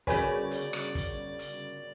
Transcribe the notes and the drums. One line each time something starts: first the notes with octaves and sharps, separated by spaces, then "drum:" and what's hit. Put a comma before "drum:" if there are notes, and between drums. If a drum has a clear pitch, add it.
G1 C#3 F#4 A#4 B4 C#5 D5 G#5, drum: kick, hi-hat
drum: hi-hat
drum: rim click
drum: kick, hi-hat
drum: hi-hat